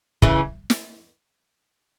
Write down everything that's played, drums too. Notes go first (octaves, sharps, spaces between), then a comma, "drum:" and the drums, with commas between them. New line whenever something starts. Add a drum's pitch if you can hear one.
C#3 E3, drum: kick
drum: snare